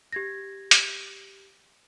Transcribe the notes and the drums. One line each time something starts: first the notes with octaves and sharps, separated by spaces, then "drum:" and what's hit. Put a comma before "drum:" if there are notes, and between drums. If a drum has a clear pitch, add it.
G4 G#6 A#6
drum: hi-hat